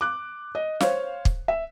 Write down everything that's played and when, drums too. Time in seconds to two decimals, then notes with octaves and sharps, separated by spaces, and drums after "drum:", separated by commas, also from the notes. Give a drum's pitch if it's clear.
0.01 D6 F#6
0.55 D#5
0.80 C5 C#5 F5, drum: snare
1.25 drum: kick
1.48 E5